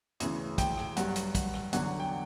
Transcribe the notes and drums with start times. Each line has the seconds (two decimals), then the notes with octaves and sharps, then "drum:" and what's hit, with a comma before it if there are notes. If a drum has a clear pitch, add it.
0.20 D2 C#3 E3, drum: hi-hat
0.58 G5, drum: kick, hi-hat
0.77 drum: rim click
0.97 G2 F#3 F#5, drum: hi-hat
1.16 drum: hi-hat
1.35 drum: kick, hi-hat
1.54 drum: rim click
1.73 E2 D3 F#3 F#5, drum: hi-hat
2.00 G5